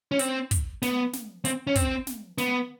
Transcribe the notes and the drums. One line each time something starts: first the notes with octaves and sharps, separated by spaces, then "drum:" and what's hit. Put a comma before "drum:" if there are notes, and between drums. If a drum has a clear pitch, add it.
C#4
C4, drum: hi-hat
drum: kick, hi-hat
B3, drum: snare
drum: snare
C4, drum: hi-hat
C#4
C4, drum: kick, hi-hat
drum: snare
B3, drum: snare